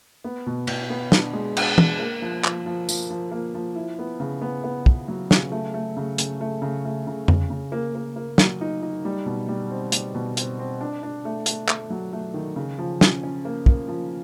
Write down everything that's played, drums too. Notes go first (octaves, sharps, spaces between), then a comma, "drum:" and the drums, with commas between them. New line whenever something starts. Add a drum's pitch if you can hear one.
B3
B2
B2, drum: cymbal
B3
D4, drum: snare
G#3
D4, drum: cymbal
D4, drum: tom
A#3
F3
F3, drum: clap
F3
F3, drum: tambourine
F3
A#3
F3
E4
B3
C#3
B3
B3
B3, drum: kick
F#3
C#3, drum: snare
A3
A3
C#3
C#3, drum: hi-hat
A3
C#3
A3
C#3
C#3, drum: tom F2
C#3
A#3
A#3
A#3
F#3, drum: snare
D#4
D#4
G3
B2
G3
C4
G3, drum: hi-hat
B2
C4, drum: hi-hat
C4
D4
D4
A3
A3, drum: hi-hat
A3, drum: clap
F#3
A3
D#3
C#3
F3
C#4, drum: snare
C#4
A#3
A#3, drum: kick
F3